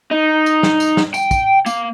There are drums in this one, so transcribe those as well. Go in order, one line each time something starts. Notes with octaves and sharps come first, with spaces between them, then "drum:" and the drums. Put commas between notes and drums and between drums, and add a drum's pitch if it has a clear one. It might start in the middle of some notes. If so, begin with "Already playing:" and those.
D#4
drum: tambourine
drum: snare
drum: tambourine
drum: snare
G5, drum: tambourine
drum: kick, tambourine
A#3, drum: tambourine